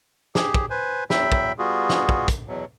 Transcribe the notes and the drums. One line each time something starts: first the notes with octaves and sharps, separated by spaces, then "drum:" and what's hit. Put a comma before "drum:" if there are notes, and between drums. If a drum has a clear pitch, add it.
G4 G#4, drum: snare
drum: kick
B4 C5 G#5
E2 F#3 E5 G5 B5, drum: snare
drum: kick
G3 B3 F4 F#4 G#4
drum: snare
drum: kick
drum: kick, hi-hat
E2 B2 F#3